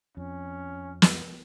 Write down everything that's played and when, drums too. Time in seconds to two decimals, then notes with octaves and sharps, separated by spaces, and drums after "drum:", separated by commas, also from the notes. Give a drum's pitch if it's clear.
0.17 F2 C#4
1.02 drum: snare